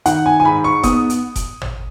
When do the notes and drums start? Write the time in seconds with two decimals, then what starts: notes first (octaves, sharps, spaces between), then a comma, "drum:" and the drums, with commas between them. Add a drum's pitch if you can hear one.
0.06 D#3 F#5, drum: hi-hat
0.26 G#5
0.40 G#5
0.44 G#2 B5
0.64 C#6
0.83 B3 D#6, drum: kick F1, hi-hat
1.10 drum: hi-hat
1.36 drum: kick F1, hi-hat
1.62 drum: tom